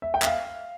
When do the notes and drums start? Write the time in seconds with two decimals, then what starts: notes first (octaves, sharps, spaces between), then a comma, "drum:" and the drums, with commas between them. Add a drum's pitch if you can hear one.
0.02 E5
0.14 G5
0.22 E5, drum: clap
0.26 F5